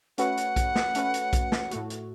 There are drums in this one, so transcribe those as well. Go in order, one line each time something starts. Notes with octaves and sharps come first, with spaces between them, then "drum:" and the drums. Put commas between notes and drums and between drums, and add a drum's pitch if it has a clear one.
A3 C#4 F#4 B4 F#5, drum: hi-hat
drum: hi-hat
drum: kick B1, hi-hat
drum: snare
A3 C#4 F#4 B4, drum: hi-hat
drum: hi-hat
drum: kick B1, hi-hat
drum: snare
A2 A3 F#4, drum: hi-hat
drum: hi-hat